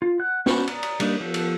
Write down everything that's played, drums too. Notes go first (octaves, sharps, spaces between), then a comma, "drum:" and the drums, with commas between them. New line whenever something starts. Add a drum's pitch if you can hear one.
F4
F#5 F#6
C#4 F#4 C5 A5 B5, drum: snare
D5 A#5 D#6, drum: cymbal
drum: cymbal
G3 A#3 D4 D#4, drum: cymbal
F3 B3 G4 A4
drum: cymbal